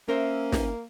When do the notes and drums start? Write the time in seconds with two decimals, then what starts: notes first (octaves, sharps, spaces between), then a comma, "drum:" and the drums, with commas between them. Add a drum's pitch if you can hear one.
0.08 A#3 C#4 A#4 C5 E5
0.52 drum: snare